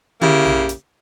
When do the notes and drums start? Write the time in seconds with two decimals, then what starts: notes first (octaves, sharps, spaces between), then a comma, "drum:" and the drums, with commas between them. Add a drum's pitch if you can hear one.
0.21 C#3 A#3 E4 G4, drum: tom D3
0.45 drum: tom A#1
0.69 drum: hi-hat